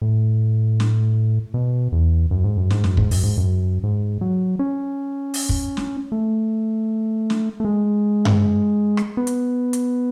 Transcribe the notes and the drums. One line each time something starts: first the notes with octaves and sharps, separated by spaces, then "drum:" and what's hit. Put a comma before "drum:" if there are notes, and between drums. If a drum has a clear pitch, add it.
A2
drum: snare
B2
E2
F#2
G#2
F#2
G#2, drum: snare
F#2, drum: snare
G#2, drum: kick
F#2, drum: open hi-hat
G#2
F#2
G#2
F#3
C#4
drum: open hi-hat
drum: kick
drum: snare
A3
drum: snare
A3
G#3
drum: tom G2
drum: rim click
B3
drum: hi-hat
drum: hi-hat